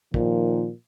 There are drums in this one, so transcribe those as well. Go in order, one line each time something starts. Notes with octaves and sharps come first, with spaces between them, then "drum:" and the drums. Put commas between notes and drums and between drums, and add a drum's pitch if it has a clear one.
A#2 D#3 F3, drum: kick